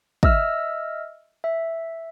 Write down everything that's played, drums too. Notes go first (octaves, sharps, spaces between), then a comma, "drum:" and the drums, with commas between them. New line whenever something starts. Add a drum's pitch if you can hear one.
D#5 E5 E6 F6, drum: kick
E5